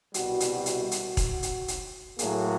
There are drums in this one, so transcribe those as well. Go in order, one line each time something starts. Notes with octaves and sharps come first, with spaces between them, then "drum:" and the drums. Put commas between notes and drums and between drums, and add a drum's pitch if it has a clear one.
C2 B2 G3 F#4, drum: hi-hat
drum: hi-hat
F#4, drum: hi-hat
drum: hi-hat
drum: kick E1, hi-hat
drum: hi-hat
drum: hi-hat
A2 F#3 A#3 G#4, drum: hi-hat